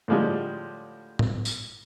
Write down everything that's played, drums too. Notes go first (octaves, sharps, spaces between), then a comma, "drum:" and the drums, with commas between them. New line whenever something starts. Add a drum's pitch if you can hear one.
A2 D3 F3 G3 G#3
drum: tom A2
drum: tambourine